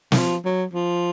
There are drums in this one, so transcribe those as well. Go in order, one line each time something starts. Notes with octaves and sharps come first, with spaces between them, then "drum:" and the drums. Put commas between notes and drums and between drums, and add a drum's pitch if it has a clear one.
D#3, drum: snare
F3
F#3
F3